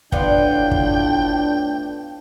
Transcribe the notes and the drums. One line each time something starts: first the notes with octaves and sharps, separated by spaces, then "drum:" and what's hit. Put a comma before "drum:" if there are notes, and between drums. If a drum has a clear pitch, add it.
A2 B3 D4 F4 D5 G5, drum: kick
drum: kick